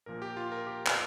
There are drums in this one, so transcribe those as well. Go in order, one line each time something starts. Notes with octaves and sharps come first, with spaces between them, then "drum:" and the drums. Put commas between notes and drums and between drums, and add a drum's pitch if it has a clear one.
A#1 A#2 F3 A#3 A#4
G4
F4
A#4
G4
drum: clap